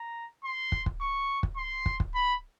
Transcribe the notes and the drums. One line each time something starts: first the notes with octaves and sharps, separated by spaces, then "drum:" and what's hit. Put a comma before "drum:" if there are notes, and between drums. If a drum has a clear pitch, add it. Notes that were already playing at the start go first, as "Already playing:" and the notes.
Already playing: A#5
C6
drum: kick
drum: kick
C#6
drum: kick
C6
drum: kick
drum: kick
B5